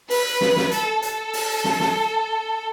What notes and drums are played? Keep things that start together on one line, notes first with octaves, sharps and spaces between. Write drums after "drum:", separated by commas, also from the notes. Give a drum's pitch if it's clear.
B4, drum: open hi-hat
drum: snare
drum: snare
A4, drum: hi-hat
A4, drum: hi-hat
drum: open hi-hat
drum: snare
drum: snare